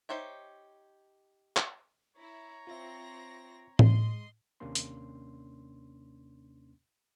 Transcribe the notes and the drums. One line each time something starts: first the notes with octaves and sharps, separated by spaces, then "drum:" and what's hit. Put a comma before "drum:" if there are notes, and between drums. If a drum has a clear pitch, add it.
D#4 G4 C5 C#5 E5
drum: clap
E4 C#5 A#5
C4 F4 E5 A#6
G#3 D#5 C6, drum: tom A2
D#2 C3 A#3 C#4 D4 C6
drum: hi-hat